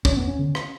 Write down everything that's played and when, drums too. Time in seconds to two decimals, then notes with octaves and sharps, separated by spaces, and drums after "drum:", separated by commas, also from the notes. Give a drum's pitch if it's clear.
0.05 E2 C#4, drum: kick
0.17 B3
0.27 C#4
0.39 D3
0.55 drum: rim click